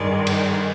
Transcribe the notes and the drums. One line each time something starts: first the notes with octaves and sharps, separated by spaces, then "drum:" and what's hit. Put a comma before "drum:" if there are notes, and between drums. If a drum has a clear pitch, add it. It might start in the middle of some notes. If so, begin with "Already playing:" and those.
Already playing: G2 D#3 G#3 D5
drum: cymbal